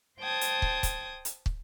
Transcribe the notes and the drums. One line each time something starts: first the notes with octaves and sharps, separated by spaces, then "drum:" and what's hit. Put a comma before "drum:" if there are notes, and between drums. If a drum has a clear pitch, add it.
C5 G5 A5 D#6 G#6
drum: hi-hat
drum: kick
drum: kick, hi-hat
drum: hi-hat
drum: kick